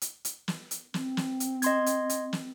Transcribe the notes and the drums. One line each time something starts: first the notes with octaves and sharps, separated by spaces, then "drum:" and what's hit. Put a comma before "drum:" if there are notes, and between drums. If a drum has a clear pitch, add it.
drum: hi-hat
drum: hi-hat
drum: snare
drum: hi-hat
C4, drum: snare
drum: snare
drum: hi-hat
D#5 C6 G#6, drum: hi-hat
drum: hi-hat
drum: hi-hat
drum: snare